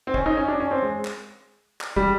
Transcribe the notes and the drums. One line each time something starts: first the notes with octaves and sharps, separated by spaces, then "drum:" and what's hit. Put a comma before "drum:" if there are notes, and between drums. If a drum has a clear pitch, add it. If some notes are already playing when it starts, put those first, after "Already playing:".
C4
C#4, drum: kick
D#4
C#4
D4
C#4
C4
G#3
drum: clap
drum: clap
G3, drum: kick